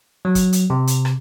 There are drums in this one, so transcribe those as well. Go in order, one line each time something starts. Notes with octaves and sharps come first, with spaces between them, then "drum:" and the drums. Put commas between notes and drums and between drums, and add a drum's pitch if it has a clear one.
F#3
drum: kick, hi-hat
drum: hi-hat
C3
drum: hi-hat
drum: rim click